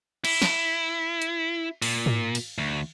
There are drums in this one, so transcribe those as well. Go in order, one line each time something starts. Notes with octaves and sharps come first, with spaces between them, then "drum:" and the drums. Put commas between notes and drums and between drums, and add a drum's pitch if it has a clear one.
E4, drum: cymbal
drum: snare
drum: hi-hat
A#2, drum: open hi-hat
drum: tom G#2
drum: cymbal
D2